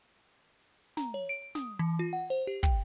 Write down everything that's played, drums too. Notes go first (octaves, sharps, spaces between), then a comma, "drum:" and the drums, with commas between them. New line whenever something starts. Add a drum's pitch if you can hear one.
A#5, drum: snare
C#5
D7
D#6, drum: snare
E3
F4
F#5
C5
G4
G5, drum: kick